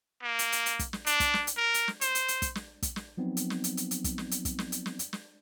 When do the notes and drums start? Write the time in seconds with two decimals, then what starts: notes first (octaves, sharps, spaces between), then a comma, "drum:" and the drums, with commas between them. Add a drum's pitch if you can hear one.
0.23 A#3
0.39 drum: hi-hat
0.52 drum: hi-hat
0.66 drum: hi-hat
0.79 drum: kick, hi-hat
0.93 drum: snare
1.06 D4, drum: hi-hat
1.20 drum: kick, hi-hat
1.34 drum: snare
1.47 drum: hi-hat
1.57 A#4
1.74 drum: hi-hat
1.88 drum: snare
2.01 C5, drum: hi-hat
2.15 drum: hi-hat
2.28 drum: hi-hat
2.42 drum: kick, hi-hat
2.55 drum: snare
2.82 drum: kick, hi-hat
2.96 drum: snare
3.17 F3 F#3 B3 C4 D#4
3.37 drum: hi-hat
3.50 drum: snare
3.64 drum: hi-hat
3.77 drum: hi-hat
3.91 drum: hi-hat
4.04 drum: kick, hi-hat
4.18 drum: snare
4.31 drum: hi-hat
4.45 drum: kick, hi-hat
4.59 drum: snare
4.72 drum: hi-hat
4.86 drum: snare
4.99 drum: hi-hat
5.13 drum: snare